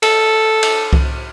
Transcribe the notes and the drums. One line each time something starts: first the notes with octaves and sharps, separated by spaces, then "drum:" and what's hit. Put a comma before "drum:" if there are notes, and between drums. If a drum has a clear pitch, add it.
A4, drum: cymbal
drum: cymbal
drum: kick C2